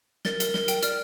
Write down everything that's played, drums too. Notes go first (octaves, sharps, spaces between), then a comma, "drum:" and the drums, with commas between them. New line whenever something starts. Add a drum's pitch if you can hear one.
A#4 A6, drum: snare
A#4, drum: hi-hat
A#4, drum: snare
G5, drum: hi-hat
D5 F6, drum: hi-hat